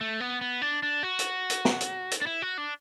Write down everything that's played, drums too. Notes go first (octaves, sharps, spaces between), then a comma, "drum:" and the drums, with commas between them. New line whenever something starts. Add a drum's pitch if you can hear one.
A3
B3
B3
D4
D4
F#4
drum: hi-hat
drum: hi-hat
drum: snare
drum: hi-hat
drum: hi-hat
D4
E4
F#4
D4